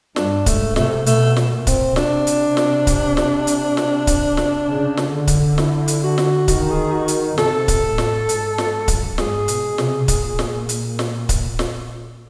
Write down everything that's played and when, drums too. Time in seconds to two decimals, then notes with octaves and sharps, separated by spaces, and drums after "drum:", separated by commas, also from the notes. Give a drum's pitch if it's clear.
0.16 G2 D4, drum: snare
0.46 G#2 A3, drum: kick C#1, hi-hat
0.76 C3 A3, drum: snare
1.06 B2 A3, drum: hi-hat
1.37 drum: snare
1.52 A#2
1.67 C4, drum: kick C#1, hi-hat
1.96 C3 D4, drum: snare
2.27 drum: hi-hat
2.57 drum: snare
2.87 drum: kick C#1, hi-hat
3.17 drum: snare
3.47 drum: hi-hat
3.77 drum: snare
4.07 drum: kick C#1, hi-hat
4.37 drum: snare
4.67 C#3
4.97 drum: snare
5.12 D3
5.27 drum: kick C#1, hi-hat
5.58 E4, drum: snare
5.88 drum: hi-hat
6.03 F#4
6.18 drum: snare
6.48 D#3 F#4, drum: kick C#1, hi-hat
6.71 G#4
6.92 F#4
7.08 drum: hi-hat
7.38 C3 A4, drum: snare
7.68 drum: kick C#1, hi-hat
7.83 A2
7.98 drum: snare
8.29 G#2, drum: hi-hat
8.58 drum: snare
8.88 F#2, drum: kick C#1, hi-hat
9.18 G#2 G#4, drum: snare
9.48 B2, drum: hi-hat
9.78 C3, drum: snare
10.08 A#2, drum: kick C#1, hi-hat
10.39 drum: snare
10.69 drum: hi-hat
10.99 drum: snare
11.29 drum: kick C#1, hi-hat
11.59 drum: snare